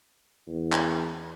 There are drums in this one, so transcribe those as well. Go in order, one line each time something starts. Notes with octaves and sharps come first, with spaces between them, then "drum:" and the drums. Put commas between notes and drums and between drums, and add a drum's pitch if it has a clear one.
E2
drum: clap